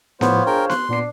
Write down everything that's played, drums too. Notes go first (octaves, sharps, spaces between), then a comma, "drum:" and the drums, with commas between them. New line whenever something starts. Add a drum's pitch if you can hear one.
A2 F3 B3 F4 C5 C#5, drum: snare B3
D4 G#4 A#4 G5
C6 F#6, drum: snare B3
A#2 B3 D4 C7